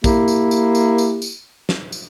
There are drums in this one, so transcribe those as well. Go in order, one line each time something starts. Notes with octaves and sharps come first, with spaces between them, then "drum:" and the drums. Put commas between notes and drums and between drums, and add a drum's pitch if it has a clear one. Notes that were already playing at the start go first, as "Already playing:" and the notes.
A#3 E4 G4, drum: kick, tambourine
drum: tambourine
drum: tambourine
drum: tambourine
drum: tambourine
drum: tambourine
drum: snare
drum: tambourine